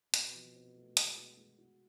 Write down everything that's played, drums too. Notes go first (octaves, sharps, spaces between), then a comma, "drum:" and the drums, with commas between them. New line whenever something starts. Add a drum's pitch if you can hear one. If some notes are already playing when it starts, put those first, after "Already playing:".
B2 C4, drum: hi-hat
F3
C4
A3
G#3, drum: hi-hat
F#4
G#3
F#4